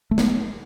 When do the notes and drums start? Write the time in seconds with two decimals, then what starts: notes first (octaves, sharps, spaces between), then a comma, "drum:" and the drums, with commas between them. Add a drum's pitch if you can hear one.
0.11 A3
0.18 B3, drum: snare